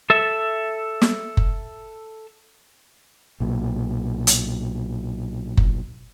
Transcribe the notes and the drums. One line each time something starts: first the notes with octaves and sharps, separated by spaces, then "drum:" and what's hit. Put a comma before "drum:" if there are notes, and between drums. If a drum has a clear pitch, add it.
A4 E5
drum: snare
drum: kick F#1
B1 A#2
drum: hi-hat
drum: kick F#1